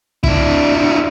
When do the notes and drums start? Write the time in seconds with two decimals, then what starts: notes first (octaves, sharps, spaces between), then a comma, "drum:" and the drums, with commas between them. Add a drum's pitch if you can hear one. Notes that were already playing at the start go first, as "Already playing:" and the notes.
0.24 D4 E4, drum: kick